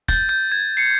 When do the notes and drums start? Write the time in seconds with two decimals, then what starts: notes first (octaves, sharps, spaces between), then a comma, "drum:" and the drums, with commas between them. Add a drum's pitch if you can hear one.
0.08 G6 A6, drum: kick
0.29 G6
0.52 G#6
0.77 C7 C#7